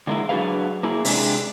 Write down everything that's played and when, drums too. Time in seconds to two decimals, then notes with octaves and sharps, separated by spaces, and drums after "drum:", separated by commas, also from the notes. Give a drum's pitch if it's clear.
0.07 D3 G#3 A#3 C#4 E4
0.29 F#3 D4 F#4 G#4 B4 F5
0.83 A#3 E4 G#4
1.05 C3 G#3 D4 G#4, drum: open hi-hat